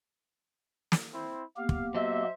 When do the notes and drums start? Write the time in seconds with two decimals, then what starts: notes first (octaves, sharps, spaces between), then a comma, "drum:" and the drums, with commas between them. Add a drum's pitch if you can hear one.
0.92 drum: snare
1.13 C4 E4 C5
1.57 A#3 B3 G4 F5
1.69 drum: kick
1.95 F#3 C5 D#5 E5